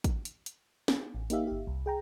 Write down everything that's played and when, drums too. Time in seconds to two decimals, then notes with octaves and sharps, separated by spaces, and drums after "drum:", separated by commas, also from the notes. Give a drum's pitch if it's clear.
0.04 drum: kick, hi-hat
0.25 drum: hi-hat
0.46 drum: hi-hat
0.88 drum: snare
1.14 A1
1.30 A#3 D#4 G4 E5 F5, drum: hi-hat
1.47 G1 G4
1.67 C2
1.86 G#4 G5 A#5